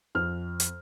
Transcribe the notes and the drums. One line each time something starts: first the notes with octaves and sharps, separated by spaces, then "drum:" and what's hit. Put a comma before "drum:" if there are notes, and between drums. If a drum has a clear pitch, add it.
F2 F6
drum: hi-hat